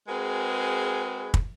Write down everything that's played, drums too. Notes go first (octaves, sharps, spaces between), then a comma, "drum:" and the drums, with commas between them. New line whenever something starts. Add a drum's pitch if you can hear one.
G#3 C4 F#4 G#4 A#4 B4
drum: kick